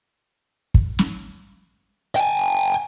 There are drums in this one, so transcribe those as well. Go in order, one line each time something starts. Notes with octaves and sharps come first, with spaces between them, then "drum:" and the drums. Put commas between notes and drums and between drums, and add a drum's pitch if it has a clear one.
drum: kick
drum: snare
G5 G#5, drum: hi-hat